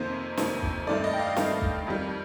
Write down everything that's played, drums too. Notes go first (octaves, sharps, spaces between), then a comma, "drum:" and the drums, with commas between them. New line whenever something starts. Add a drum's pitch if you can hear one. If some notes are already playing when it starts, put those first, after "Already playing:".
Already playing: F2 C3 D#3 A#3 C5
F2 C3 D#3 A#3, drum: snare
drum: kick
G2 D#3 A3 D5
D#5
G5
F5
G2 D#3 A3 F5, drum: snare
drum: kick
F2 D#3 G3